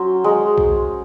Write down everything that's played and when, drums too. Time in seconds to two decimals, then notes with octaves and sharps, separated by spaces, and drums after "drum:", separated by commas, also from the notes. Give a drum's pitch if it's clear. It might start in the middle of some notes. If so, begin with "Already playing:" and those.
Already playing: F#3 C#4 C5
0.24 G#3
0.58 drum: kick B1